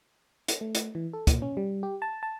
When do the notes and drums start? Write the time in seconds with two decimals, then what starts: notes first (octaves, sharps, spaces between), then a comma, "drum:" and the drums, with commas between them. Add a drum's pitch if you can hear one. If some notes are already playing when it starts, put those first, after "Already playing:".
0.48 drum: hi-hat
0.61 A3
0.75 drum: hi-hat
0.95 E3
1.13 A4
1.27 A#2, drum: kick, hi-hat
1.42 C#4
1.57 G3
1.83 G4
2.02 A5
2.23 A5